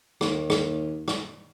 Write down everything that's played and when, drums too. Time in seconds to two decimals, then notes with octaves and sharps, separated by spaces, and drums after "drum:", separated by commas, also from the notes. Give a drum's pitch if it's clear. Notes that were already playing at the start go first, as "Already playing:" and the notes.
0.21 D#2, drum: rim click
0.50 drum: rim click
1.08 drum: rim click